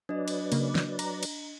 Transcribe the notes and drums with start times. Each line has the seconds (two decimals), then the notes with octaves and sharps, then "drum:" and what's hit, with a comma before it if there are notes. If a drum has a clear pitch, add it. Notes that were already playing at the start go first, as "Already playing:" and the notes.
0.09 F#3 D4 B4 D5 D#5
0.28 drum: cymbal
0.52 C#3 A#3, drum: cymbal
0.75 drum: snare
0.99 A#5, drum: cymbal
1.23 drum: cymbal